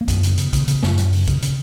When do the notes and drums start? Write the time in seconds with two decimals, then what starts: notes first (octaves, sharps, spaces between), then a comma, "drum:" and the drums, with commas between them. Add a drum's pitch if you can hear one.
0.01 A#3
0.08 F#2 B3, drum: kick B1, hi-hat
0.23 C#3, drum: hi-hat
0.37 C#3, drum: hi-hat
0.53 C#3, drum: kick B1, hi-hat
0.68 C#3, drum: hi-hat
0.83 F#2, drum: snare
0.98 F#2, drum: hi-hat
1.13 C#3, drum: open hi-hat
1.27 C#3, drum: kick B1, hi-hat
1.42 C#3, drum: hi-hat